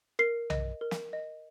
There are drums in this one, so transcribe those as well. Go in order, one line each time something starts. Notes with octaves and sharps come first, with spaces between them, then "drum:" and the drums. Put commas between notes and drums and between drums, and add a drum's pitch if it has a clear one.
A#4 C7
D#5, drum: tom B1
A#4
drum: snare
D#5